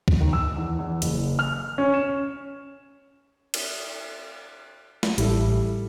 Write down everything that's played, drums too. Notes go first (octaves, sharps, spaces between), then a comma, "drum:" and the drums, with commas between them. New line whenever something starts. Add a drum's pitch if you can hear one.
drum: kick
D#3
E6
E2
E2
F#1, drum: hi-hat
F6
C#4
E7
drum: cymbal
drum: snare
A1 G3 E4 A4, drum: hi-hat